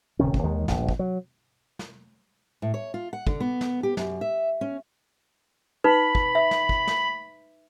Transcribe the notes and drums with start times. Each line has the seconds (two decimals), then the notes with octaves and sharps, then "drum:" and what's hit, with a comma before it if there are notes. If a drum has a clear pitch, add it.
0.19 D1 C3 D#3 C#4
0.34 drum: kick
0.43 D#2 D#3 G#3
0.68 D#1 A#1, drum: snare
0.89 drum: kick
0.99 F#3
1.79 drum: snare
2.62 A2
2.74 C#5
2.94 F4
3.13 F#5
3.27 D3, drum: kick
3.40 B3
3.61 drum: snare
3.83 G4
3.97 F#2, drum: snare
4.21 E5
4.61 C#4
5.84 D#4 B4 B5
6.15 drum: kick
6.35 E5
6.51 drum: snare
6.69 drum: kick
6.87 drum: snare